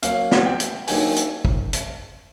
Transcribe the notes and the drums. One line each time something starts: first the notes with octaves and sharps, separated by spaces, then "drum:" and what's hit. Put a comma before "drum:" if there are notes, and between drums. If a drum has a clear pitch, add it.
F#3 A#3 C#4 F5, drum: hi-hat
drum: snare
G5
drum: hi-hat
D#3 F#3 A#3 D4 G4 G#5, drum: open hi-hat
drum: hi-hat
drum: kick G#1
drum: hi-hat